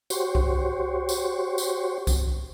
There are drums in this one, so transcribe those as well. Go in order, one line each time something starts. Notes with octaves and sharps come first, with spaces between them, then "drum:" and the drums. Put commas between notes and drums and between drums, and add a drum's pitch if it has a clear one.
F#4 G4 C5 C#5, drum: tambourine
drum: kick C2
drum: tambourine
drum: tambourine
drum: kick C2, tambourine